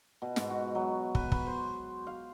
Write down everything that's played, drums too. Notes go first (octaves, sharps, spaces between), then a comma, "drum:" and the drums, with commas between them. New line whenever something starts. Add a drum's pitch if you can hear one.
B2
G#2, drum: snare
F#4
F#3
B4, drum: kick
B5, drum: kick
C5
F5